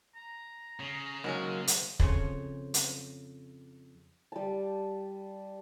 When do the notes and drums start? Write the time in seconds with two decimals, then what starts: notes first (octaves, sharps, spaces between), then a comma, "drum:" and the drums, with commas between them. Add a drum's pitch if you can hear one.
0.15 A#5
0.80 C#3
1.24 D#3 F#3 G#3 A#3 C#4
1.67 drum: hi-hat
2.00 F2 C#3 C5 C#5 G#5, drum: kick
2.74 drum: hi-hat
4.32 G3 A5